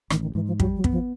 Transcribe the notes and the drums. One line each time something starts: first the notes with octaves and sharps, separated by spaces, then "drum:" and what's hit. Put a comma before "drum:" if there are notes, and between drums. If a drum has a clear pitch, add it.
A1 D#3, drum: rim click
D#3
G#2 E3
F3
F#3 G3, drum: kick
F#3
B3, drum: kick
F3